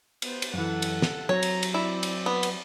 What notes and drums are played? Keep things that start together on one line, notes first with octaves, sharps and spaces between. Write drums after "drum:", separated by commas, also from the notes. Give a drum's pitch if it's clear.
B3 C5, drum: cymbal
drum: cymbal
F#2 E3 A4 F#5
drum: cymbal
drum: snare
F#3 C4 C#5 A#5
drum: cymbal
drum: cymbal
C4 E4 D5
drum: cymbal
B3
drum: cymbal